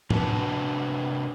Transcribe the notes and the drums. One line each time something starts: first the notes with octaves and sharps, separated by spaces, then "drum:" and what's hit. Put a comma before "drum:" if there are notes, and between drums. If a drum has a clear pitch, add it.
C3 D4 F#4 B4 C5 A5, drum: tom A2